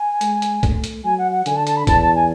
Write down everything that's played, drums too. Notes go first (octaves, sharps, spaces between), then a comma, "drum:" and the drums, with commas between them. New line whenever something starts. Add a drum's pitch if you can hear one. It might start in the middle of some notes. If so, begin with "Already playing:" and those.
Already playing: G#5
G#3, drum: hi-hat
drum: hi-hat
A3, drum: kick, hi-hat
drum: hi-hat
F#3 G#5
F#5
F#5
D3 G#5, drum: hi-hat
A5
A5, drum: hi-hat
B5
E2 A5, drum: kick, hi-hat
A5
G#5